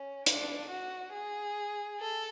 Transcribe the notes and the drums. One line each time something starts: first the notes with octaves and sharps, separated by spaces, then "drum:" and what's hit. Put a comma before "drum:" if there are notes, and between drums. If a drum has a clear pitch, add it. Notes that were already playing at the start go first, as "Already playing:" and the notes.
Already playing: C#4
D4, drum: hi-hat
F#4
G#4
A4